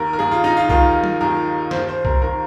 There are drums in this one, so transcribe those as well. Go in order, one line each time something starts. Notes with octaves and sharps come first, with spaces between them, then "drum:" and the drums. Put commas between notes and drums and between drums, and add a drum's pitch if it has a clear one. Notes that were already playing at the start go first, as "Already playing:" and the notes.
Already playing: D#2 D#3 A#4
A#4
D#2 D#3 G#4
F4
D#4
F4
D#2 D#3 F4, drum: kick C2
drum: tom F#3
D#2 D#3 A#4
D#2 D#3 C5, drum: snare
C5
A#4, drum: kick C2
D#3 A#4